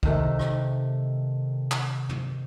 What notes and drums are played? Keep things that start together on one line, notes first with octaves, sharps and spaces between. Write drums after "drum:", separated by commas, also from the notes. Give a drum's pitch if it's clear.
C3 D#3 A3, drum: kick
drum: rim click
drum: clap
drum: tom